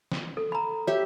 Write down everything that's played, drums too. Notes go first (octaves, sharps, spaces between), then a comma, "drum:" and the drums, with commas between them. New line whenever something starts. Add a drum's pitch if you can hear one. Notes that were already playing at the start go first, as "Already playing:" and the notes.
drum: snare
A4
A#5 B5
G4 C#5 E5